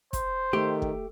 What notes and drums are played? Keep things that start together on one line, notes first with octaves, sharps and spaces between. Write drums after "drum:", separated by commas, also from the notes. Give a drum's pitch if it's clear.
C5, drum: kick, hi-hat
D#3 A3 G4
drum: kick